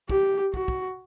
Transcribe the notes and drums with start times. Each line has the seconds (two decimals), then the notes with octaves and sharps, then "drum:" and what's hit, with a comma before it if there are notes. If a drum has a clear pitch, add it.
0.09 G4, drum: kick
0.54 F#4, drum: kick
0.68 drum: kick